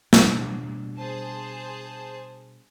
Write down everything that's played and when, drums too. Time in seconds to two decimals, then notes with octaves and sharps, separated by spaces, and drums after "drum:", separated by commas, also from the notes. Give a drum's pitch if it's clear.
0.13 B2 G3 D4, drum: snare
0.99 G#4 C5 A5